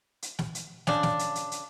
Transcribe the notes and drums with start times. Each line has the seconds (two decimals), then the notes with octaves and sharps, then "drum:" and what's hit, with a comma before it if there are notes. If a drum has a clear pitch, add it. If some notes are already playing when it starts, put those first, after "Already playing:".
0.22 drum: hi-hat
0.39 drum: snare
0.55 drum: hi-hat
0.87 C#3 D4, drum: snare
1.03 drum: snare
1.19 drum: hi-hat
1.35 drum: hi-hat
1.51 drum: hi-hat